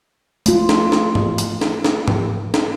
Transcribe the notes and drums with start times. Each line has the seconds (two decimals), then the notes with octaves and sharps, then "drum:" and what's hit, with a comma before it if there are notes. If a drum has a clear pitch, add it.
0.46 A3 F4, drum: hi-hat
0.69 drum: snare
0.92 drum: snare
1.15 drum: tom G#2
1.38 drum: hi-hat
1.61 drum: snare
1.85 drum: snare
2.08 drum: tom G#2
2.54 drum: snare